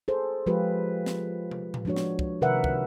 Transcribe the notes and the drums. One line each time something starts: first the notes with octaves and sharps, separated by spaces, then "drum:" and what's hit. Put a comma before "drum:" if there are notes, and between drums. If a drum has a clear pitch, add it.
G#4 A4 C5
F3 G#3 F4 G4 B4
drum: snare
drum: tom
drum: tom A2
F3 G#3 D4 F#4 C#5
drum: snare
drum: kick
C3 D#3 A#4 B4 E5 F#5
drum: kick